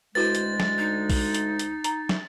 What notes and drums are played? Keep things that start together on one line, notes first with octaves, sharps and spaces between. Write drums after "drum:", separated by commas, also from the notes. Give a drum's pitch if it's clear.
D2 G#3 E4 F#4 B4 C5 A6
drum: hi-hat
drum: snare
D#4
drum: kick B1, open hi-hat
drum: hi-hat
drum: hi-hat
A#5, drum: hi-hat
drum: snare